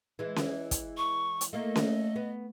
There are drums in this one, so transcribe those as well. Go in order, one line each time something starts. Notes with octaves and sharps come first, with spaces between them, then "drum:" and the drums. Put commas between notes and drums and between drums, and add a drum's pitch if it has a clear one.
E3 G#3
drum: snare C#4
drum: kick, hi-hat
C#6
drum: hi-hat
A3 A#3 D#5
drum: snare C#4
B3